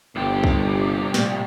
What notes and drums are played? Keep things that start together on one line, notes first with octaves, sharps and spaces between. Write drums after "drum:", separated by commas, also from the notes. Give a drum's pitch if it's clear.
G1 C2 G4
drum: kick
A#2 F3 G3, drum: snare